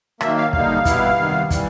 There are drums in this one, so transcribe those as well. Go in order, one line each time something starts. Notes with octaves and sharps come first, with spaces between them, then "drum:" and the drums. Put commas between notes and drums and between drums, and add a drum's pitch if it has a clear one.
D#3 F#3 A#3 E5, drum: rim click
F5
D3 G3 A#3 D#4 F5, drum: kick
B2 G3 B3 E4, drum: kick, hi-hat
C3 D#3 G3 B3
E3 G3, drum: kick, hi-hat